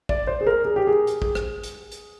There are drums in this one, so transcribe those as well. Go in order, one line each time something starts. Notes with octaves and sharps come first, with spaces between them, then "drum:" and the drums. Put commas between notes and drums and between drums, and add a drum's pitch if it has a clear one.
D5, drum: kick
C5
G#4
A#4
G#4
G4
G#4
drum: hi-hat
G#4, drum: kick
drum: rim click
drum: hi-hat
drum: hi-hat